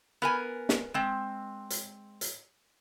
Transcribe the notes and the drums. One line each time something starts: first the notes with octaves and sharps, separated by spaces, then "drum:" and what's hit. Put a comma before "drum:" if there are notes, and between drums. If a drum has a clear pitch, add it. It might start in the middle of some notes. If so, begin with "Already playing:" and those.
B3 A#4 G#5
drum: snare
G#3 C4
drum: hi-hat
drum: hi-hat